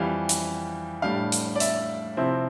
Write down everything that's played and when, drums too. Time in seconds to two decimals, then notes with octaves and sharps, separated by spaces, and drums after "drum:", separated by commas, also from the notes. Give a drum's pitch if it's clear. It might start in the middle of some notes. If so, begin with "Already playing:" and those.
Already playing: F2 E3 G3 F5
0.29 drum: hi-hat
1.02 A2 G3 D4 F5
1.32 drum: hi-hat
1.55 D5
1.60 E5, drum: hi-hat
2.17 C3 F3 C4 E4